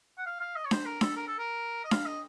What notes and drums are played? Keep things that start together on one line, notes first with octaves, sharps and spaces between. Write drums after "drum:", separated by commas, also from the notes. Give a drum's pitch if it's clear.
F#5
F5
F5
D#5
C#5
C5, drum: snare D4
A#4
A4, drum: snare D4
A#4
A4
A#4
D#5
F5, drum: snare D4
D#5